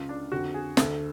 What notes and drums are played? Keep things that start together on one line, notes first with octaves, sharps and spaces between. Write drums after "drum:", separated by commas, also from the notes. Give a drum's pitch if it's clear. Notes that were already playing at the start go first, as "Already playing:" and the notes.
Already playing: C#2 C#3 F4
D4
F2 D3 F#4
G#4
D2 D3 A4, drum: snare